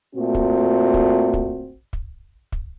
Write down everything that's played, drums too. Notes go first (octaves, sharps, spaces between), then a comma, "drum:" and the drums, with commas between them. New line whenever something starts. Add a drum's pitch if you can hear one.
A#2 A3 C4 F#4
drum: kick
drum: kick
drum: kick
drum: kick
drum: kick